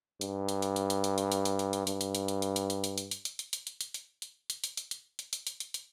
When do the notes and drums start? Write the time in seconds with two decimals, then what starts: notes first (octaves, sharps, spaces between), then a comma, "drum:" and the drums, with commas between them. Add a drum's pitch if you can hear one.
0.21 G2, drum: hi-hat
0.49 drum: hi-hat
0.62 drum: hi-hat
0.76 drum: hi-hat
0.90 drum: hi-hat
1.04 drum: hi-hat
1.18 drum: hi-hat
1.32 drum: hi-hat
1.45 drum: hi-hat
1.59 drum: hi-hat
1.73 drum: hi-hat
1.87 G2, drum: hi-hat
2.01 drum: hi-hat
2.15 drum: hi-hat
2.28 drum: hi-hat
2.42 drum: hi-hat
2.56 drum: hi-hat
2.70 drum: hi-hat
2.84 drum: hi-hat
2.98 drum: hi-hat
3.11 drum: hi-hat
3.25 drum: hi-hat
3.39 drum: hi-hat
3.53 drum: hi-hat
3.67 drum: hi-hat
3.81 drum: hi-hat
3.94 drum: hi-hat
4.22 drum: hi-hat
4.50 drum: hi-hat
4.64 drum: hi-hat
4.77 drum: hi-hat
4.91 drum: hi-hat
5.19 drum: hi-hat
5.33 drum: hi-hat
5.47 drum: hi-hat
5.60 drum: hi-hat
5.74 drum: hi-hat